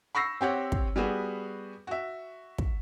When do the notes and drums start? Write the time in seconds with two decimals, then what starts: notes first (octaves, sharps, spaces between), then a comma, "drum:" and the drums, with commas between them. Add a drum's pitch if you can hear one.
0.15 B5 C#6 E6 A#6 C7
0.41 C4 G4 C#5 F#5
0.72 drum: kick
0.96 G3 B3 F#4 G#4
1.87 F#4 E5
2.58 drum: kick